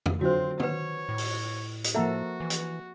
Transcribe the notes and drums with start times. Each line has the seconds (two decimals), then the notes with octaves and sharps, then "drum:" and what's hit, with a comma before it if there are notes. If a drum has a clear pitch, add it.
0.06 drum: tom
0.21 D3 F#3 C4 F4 F#4 C5
0.60 B4 C#5 F#5, drum: tom
1.09 A2
1.18 drum: open hi-hat
1.84 drum: hi-hat
1.95 F3 A#3 F#4 A4 E5 F#5 A#5
2.40 E3
2.50 drum: hi-hat